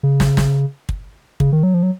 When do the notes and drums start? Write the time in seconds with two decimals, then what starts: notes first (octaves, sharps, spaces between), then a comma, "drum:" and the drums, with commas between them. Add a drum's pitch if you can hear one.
0.03 C#3
0.20 drum: snare
0.37 drum: snare
0.89 drum: kick
1.40 C#3, drum: kick
1.52 D#3
1.63 F#3
1.74 F3
1.83 F#3